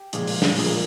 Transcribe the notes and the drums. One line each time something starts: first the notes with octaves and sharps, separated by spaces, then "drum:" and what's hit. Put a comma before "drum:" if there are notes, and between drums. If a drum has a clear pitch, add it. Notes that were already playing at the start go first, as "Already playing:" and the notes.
Already playing: G4
A#2 F3 G#3, drum: hi-hat
drum: open hi-hat
drum: snare
A#2 F3 G#3 G#4, drum: open hi-hat
A#4